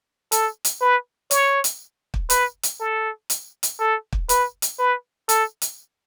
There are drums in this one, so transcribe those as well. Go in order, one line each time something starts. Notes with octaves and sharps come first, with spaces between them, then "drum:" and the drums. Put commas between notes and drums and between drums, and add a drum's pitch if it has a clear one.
A4, drum: hi-hat
drum: hi-hat
B4
C#5, drum: hi-hat
drum: hi-hat
drum: kick
B4, drum: hi-hat
drum: hi-hat
A4
drum: hi-hat
drum: hi-hat
A4
drum: kick
B4, drum: hi-hat
drum: hi-hat
B4
A4, drum: hi-hat
drum: hi-hat